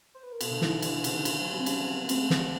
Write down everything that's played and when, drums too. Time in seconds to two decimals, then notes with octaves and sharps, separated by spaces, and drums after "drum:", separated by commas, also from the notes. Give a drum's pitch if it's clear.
0.14 C5
0.23 B4
0.32 A#4
0.41 B2 A4, drum: cymbal
0.51 D3
0.61 D#3 E4, drum: snare
0.72 E3
0.82 D#3 D4, drum: cymbal
0.93 D3
1.04 C#3, drum: cymbal
1.14 D#3
1.25 D#3, drum: cymbal
1.39 F#3
1.53 G3
1.59 C4
1.66 G#3 C#4, drum: cymbal
1.81 C4
1.95 B3
2.04 A#3
2.09 A3 C4, drum: cymbal
2.20 G#3
2.30 G3, drum: snare
2.40 C4